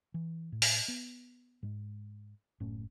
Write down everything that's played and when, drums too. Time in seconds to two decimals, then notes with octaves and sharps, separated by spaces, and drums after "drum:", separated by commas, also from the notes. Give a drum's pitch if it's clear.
0.14 E3
0.52 A2
0.62 drum: open hi-hat
0.88 B3
1.63 G#2 G#3
2.60 F#1 A2 C#4